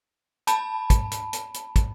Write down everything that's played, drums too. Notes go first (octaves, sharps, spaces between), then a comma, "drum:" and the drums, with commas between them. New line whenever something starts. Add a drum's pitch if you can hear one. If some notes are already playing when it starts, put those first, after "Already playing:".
A5 B5, drum: hi-hat
drum: kick, hi-hat
drum: hi-hat
drum: hi-hat
drum: hi-hat
drum: kick, hi-hat